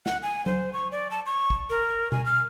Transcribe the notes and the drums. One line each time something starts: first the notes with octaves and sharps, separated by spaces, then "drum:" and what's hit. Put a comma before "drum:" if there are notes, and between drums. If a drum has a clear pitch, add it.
F#5, drum: snare
G#5
C5, drum: tom F#3
C#6
D5
A5
C#6
drum: kick
A#4
G#5, drum: tom B2
F6